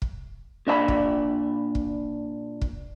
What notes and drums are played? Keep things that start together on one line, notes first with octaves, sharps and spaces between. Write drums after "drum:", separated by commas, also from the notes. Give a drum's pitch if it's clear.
drum: kick
A#2 D4 C5 B5
drum: kick
drum: kick
drum: kick